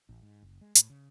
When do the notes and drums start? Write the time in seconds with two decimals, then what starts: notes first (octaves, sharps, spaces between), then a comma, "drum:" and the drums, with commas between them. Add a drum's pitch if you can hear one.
0.09 A1
0.22 G#2
0.42 F#1
0.61 G#3
0.75 A2, drum: hi-hat
0.90 C#3